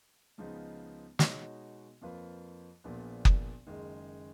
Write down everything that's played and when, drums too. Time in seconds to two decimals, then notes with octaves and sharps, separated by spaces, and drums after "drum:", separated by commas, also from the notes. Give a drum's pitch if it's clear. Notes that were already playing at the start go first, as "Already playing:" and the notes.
0.38 C#2 C#3 F3 B3 D#4
1.19 B2 G#3 D#4 F#4 C#5, drum: snare
2.01 F2 F3 A#3 F4 B4
2.84 A#1 A#2 F3 B3
3.25 drum: kick F#1
3.67 F#1 F#2 D#3 G#3